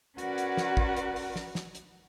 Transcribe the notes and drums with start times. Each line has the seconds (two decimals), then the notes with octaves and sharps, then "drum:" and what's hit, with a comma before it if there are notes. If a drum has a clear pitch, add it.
0.18 C#4 F#4 A#4 B4 D5 F#5, drum: hi-hat
0.38 drum: hi-hat
0.57 drum: snare
0.77 drum: kick
0.97 drum: hi-hat
1.16 drum: open hi-hat
1.36 drum: snare
1.55 drum: snare
1.75 drum: hi-hat